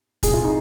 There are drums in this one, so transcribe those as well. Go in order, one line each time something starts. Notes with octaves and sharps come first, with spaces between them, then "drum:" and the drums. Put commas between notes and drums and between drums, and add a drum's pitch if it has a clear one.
C2 A#2 G#4, drum: kick, hi-hat
F4
D#4